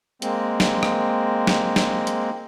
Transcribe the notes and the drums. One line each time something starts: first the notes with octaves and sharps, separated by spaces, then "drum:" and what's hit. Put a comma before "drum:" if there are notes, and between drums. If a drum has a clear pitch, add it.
G#3 A#3 C4, drum: hi-hat
drum: snare
drum: rim click
drum: snare
drum: snare
drum: hi-hat